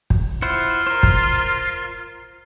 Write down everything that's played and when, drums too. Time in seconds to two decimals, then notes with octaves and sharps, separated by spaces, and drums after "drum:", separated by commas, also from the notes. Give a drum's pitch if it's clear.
0.10 drum: kick
0.42 E4 F4 C5 F#5
0.87 A#4 C5
1.03 drum: kick